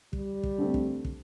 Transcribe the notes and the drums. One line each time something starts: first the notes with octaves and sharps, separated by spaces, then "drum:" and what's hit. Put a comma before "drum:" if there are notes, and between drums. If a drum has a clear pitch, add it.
G3, drum: kick
drum: kick
D3 A3 C4
drum: kick
drum: kick